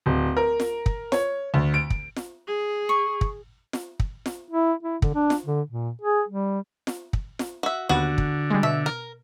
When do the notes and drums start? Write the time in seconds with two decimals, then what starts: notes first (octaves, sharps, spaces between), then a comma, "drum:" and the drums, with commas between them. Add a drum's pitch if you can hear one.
0.06 D1
0.37 A#4
0.60 drum: snare F4
0.86 drum: kick
1.12 C#5, drum: snare F4
1.54 D2
1.74 D7
1.90 drum: kick
2.17 drum: snare F4
2.48 G#4
2.89 C#6
3.21 drum: kick
3.73 drum: snare F4
4.00 drum: kick
4.26 drum: snare F4
4.50 E4
4.83 E4
5.02 D3, drum: kick
5.14 D4
5.30 drum: snare F4
5.46 D3
5.70 A#2
6.01 G#4
6.28 G3
6.87 drum: snare F4
7.13 drum: kick
7.39 drum: snare F4
7.63 F#4 E5
7.89 D#2 D3 B3 F#4 F#5
8.18 drum: kick
8.51 G3 G#3
8.63 B2 E5
8.86 A#4